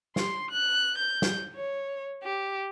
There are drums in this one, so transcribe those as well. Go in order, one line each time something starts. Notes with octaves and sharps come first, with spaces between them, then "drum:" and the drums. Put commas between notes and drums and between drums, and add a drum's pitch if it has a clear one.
C6, drum: snare
F#6
G6
drum: snare
C#5
G4